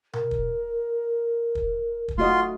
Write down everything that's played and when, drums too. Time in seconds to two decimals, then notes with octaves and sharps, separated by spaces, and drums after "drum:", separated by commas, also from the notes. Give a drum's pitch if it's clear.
0.13 A#4, drum: tom B2
0.31 drum: kick
1.55 drum: kick
2.08 drum: kick
2.18 A3 F4 F#4 D#5 C6